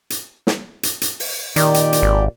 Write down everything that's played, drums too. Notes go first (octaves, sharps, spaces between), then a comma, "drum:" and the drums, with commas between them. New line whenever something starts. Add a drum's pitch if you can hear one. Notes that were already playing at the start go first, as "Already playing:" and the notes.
drum: hi-hat
drum: snare
drum: hi-hat
drum: hi-hat
drum: open hi-hat
A#2 D#3 G4 D5, drum: hi-hat
drum: hi-hat
drum: hi-hat
G#1